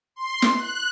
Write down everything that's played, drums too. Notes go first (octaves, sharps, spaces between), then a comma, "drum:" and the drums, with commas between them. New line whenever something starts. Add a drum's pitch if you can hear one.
C6
drum: snare
F#6